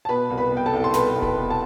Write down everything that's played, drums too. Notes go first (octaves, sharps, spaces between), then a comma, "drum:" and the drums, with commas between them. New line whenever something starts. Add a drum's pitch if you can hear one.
A5
B2 B4 B5
C2
B4 B5
B2 G5
A4 A5
C2
C6
B2 B4 B5, drum: snare
C2
B4 B5, drum: kick E1
B2
A5